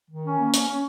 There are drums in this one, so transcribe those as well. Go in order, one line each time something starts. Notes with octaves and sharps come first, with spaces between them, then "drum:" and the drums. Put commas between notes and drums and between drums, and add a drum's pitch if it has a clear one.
D#3
C#4
A#3
C#4, drum: hi-hat
C#4